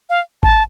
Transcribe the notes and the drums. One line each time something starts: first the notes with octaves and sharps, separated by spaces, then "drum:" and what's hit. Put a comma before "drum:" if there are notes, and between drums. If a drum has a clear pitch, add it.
F5
A5, drum: kick G#1